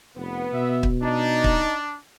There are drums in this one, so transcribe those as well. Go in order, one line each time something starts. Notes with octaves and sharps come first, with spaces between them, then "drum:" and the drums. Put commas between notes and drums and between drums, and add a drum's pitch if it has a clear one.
F1 B3
B2 E5
drum: kick
D4 D#4
drum: kick